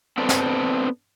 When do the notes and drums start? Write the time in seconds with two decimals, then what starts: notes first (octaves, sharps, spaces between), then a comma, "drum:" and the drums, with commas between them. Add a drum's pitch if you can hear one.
0.18 B3 C4 D4 A4 B4
0.29 drum: snare